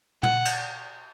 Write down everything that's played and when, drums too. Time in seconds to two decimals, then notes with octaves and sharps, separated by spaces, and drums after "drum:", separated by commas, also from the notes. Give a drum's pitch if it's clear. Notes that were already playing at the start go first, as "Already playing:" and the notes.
0.23 F#5, drum: tom
0.45 drum: cymbal